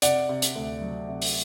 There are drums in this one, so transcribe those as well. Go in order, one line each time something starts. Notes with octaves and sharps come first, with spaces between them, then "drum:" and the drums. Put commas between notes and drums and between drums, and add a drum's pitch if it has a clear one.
C3 D5 F#5, drum: hi-hat
C3
drum: hi-hat
D2
F#3
C3
drum: open hi-hat